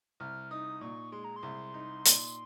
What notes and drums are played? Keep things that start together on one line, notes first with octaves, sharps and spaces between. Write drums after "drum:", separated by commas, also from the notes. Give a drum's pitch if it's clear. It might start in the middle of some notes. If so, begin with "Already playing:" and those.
C2 F6
D#4 D#6
A#2 C#6
G#3 C6
A#5
C6
C2
D#4
A#2, drum: hi-hat